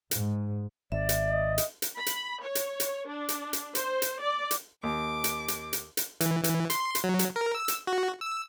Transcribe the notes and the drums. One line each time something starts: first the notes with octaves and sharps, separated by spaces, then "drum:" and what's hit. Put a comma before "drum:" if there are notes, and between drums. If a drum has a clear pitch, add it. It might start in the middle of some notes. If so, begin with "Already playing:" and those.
G#2, drum: hi-hat
G#1 D5 E5
drum: hi-hat
D#5
drum: hi-hat
drum: hi-hat
B5
drum: hi-hat
C#5
drum: hi-hat
drum: hi-hat
D4
drum: hi-hat
drum: hi-hat
C5, drum: hi-hat
drum: hi-hat
D5
drum: hi-hat
D#2 D6
drum: hi-hat
drum: hi-hat
drum: hi-hat
drum: hi-hat
E3, drum: hi-hat
E3, drum: hi-hat
C6, drum: hi-hat
drum: hi-hat
F#3
drum: hi-hat
A#4
E6
drum: hi-hat
F#4
E6